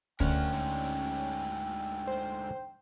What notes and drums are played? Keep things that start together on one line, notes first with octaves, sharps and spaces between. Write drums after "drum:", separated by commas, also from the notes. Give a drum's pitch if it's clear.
D2 C#4 A#4 F#5 G5, drum: kick
D3 G#3 D#4
C5